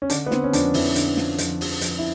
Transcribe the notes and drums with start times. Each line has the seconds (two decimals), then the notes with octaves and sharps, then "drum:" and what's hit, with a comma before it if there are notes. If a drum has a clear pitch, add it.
0.02 C#4
0.10 D3 D4, drum: hi-hat
0.26 B3
0.31 D3 C4, drum: snare
0.44 C#4
0.53 F2 D4, drum: hi-hat
0.74 F2 E4, drum: open hi-hat
0.95 D3, drum: hi-hat
1.17 F3, drum: snare
1.38 F2, drum: hi-hat
1.61 F3, drum: open hi-hat
1.81 F3, drum: hi-hat
1.99 E4